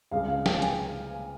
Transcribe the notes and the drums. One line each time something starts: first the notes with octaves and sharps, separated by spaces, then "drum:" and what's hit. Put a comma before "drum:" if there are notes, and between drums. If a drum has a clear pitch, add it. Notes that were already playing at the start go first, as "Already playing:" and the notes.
C#2 C#3 G3 F5
F5
G5, drum: snare
G#5, drum: hi-hat